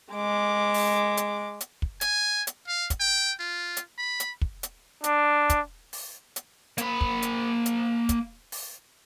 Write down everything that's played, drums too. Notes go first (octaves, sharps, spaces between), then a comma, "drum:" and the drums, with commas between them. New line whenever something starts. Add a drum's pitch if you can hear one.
G#3 D6
drum: open hi-hat
drum: hi-hat
drum: hi-hat
drum: kick
G#5, drum: hi-hat
drum: hi-hat
F5
drum: kick, hi-hat
G5
F4
drum: hi-hat
B5
drum: hi-hat
drum: kick
drum: hi-hat
D4, drum: hi-hat
drum: kick, hi-hat
drum: open hi-hat
drum: hi-hat
A#3 B5, drum: hi-hat
drum: kick
drum: hi-hat
drum: hi-hat
drum: kick, hi-hat
drum: open hi-hat